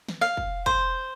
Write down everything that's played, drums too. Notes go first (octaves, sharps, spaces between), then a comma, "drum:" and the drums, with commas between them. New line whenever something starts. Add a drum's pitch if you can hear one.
drum: snare
F5
drum: kick
C5, drum: kick